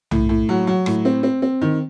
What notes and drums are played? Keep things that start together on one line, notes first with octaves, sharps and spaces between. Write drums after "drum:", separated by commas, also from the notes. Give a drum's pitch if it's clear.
A2, drum: tom B1
A2
F#3
F#3
A2, drum: rim click
C4
C4
C4
D#3